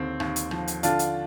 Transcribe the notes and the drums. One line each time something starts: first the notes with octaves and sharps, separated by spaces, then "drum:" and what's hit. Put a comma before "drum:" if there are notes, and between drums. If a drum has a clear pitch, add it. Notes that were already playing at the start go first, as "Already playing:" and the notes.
Already playing: D#2 D3 C4
D#2, drum: rim click
drum: hi-hat
F3, drum: rim click
drum: hi-hat
D3 D4 F4, drum: hi-hat
drum: hi-hat